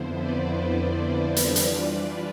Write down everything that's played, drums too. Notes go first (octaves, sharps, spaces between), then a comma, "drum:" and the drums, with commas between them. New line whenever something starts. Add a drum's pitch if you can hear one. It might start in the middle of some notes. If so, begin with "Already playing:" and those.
Already playing: F2 D3 F3 B3 E4 C5
B4 D5
E3 G3 D4 F4, drum: hi-hat
drum: hi-hat